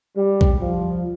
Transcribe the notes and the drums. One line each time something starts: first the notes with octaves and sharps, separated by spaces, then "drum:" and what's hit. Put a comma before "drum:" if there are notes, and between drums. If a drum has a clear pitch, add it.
G3
drum: kick A#1
F3